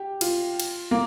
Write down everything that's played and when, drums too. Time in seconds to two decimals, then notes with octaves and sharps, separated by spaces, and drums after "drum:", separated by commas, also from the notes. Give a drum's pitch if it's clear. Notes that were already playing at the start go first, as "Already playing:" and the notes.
Already playing: G4
0.21 F4, drum: cymbal
0.60 drum: cymbal
0.91 A#3